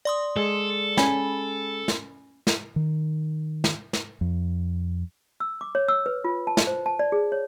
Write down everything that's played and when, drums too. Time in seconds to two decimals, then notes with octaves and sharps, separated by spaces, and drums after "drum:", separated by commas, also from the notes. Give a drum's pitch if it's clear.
0.05 D5 C6 D#6
0.36 G#3 G#4 A4
0.97 C#4 G#5 B5, drum: snare
1.88 drum: snare
2.47 drum: snare
2.76 D#3
3.64 drum: snare
3.93 drum: snare
4.21 F2
5.40 E6
5.61 D6
5.75 C#5
5.88 E6
6.06 B4
6.24 F4
6.47 A5
6.57 drum: snare
6.67 C5
6.86 A5
6.99 D5
7.12 G#4
7.32 C#5